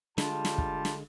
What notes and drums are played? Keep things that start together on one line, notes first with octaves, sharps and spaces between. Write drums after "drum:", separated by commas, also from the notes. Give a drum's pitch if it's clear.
D3 G3 G#3 F4 A5, drum: snare
drum: snare
drum: kick
drum: snare